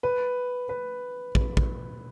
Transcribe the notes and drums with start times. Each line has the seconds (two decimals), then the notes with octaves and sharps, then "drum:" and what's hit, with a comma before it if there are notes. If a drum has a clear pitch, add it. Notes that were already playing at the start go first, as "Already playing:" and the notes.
0.03 B4
0.69 B4
1.35 drum: kick
1.57 drum: kick